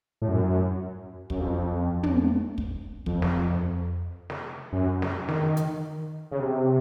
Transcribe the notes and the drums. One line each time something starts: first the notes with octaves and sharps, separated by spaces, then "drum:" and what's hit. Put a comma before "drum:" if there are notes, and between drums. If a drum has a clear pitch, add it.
A2
F#2
F#2, drum: kick
F2
drum: tom
drum: kick
F2, drum: kick
drum: snare
drum: snare
F#2
drum: snare
D#3, drum: snare
drum: hi-hat
C#3
C3